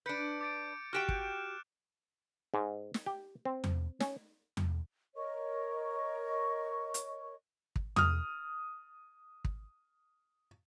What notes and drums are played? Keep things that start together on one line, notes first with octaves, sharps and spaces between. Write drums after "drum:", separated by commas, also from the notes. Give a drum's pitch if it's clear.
D4 B4 G6 C#7 D7
D6 A6 D7
F#4 G4 G5 F6 F#6 E7
drum: kick
G#2
drum: snare
G4
C4
drum: tom E2
C#4, drum: snare
drum: tom E2
A#4 C#5 D#5 C#6
drum: hi-hat
drum: kick
D#6 F6, drum: tom E2
drum: kick